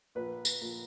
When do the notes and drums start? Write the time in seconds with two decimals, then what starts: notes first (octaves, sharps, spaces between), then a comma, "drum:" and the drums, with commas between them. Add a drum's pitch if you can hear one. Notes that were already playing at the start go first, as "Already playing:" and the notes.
0.15 A#1 B4
0.45 drum: tambourine
0.61 A#1